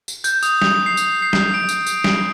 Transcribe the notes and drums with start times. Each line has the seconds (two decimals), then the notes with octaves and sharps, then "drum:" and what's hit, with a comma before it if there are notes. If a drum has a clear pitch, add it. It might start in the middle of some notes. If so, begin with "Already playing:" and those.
0.08 drum: tambourine
0.24 G6, drum: tambourine
0.43 D#6, drum: tambourine
0.62 D#6, drum: snare
0.86 C7
0.97 drum: tambourine
1.22 C7
1.33 drum: snare
1.54 D7
1.69 drum: tambourine
1.87 drum: tambourine
2.04 drum: snare